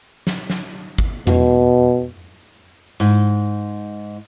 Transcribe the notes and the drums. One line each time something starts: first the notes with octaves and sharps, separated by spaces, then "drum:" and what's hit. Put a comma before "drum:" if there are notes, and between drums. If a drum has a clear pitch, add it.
drum: snare
drum: snare
drum: kick
B2, drum: tom E2
G#2, drum: hi-hat